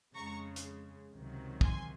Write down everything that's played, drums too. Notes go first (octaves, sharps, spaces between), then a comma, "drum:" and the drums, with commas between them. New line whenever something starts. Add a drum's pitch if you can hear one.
F2 C#3 G#3 A#5 C#6
drum: hi-hat
C#2 C3 D#3 F#3
G#5 C6, drum: kick